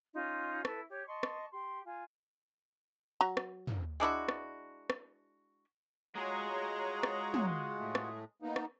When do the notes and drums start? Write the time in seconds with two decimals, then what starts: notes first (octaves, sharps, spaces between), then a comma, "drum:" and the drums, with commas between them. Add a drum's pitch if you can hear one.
0.14 C#4 D#4 F4 C6
0.65 E4 A4 B4, drum: rim click
0.88 G4 C#5
1.06 D#5 A5 C6 C#6
1.23 drum: rim click
1.52 G4 C6
1.84 F4 G#5
3.21 F#3 A#5
3.37 drum: rim click
3.67 drum: tom
4.00 G#3 D4 E4 F#4
4.28 drum: rim click
4.90 drum: rim click
6.16 G#3 F4 F#4 G#4 C#5 F#5 A#5
7.03 drum: rim click
7.34 drum: tom
7.79 A2 A3
7.95 drum: rim click
8.42 A#3 B3 D#4
8.56 drum: rim click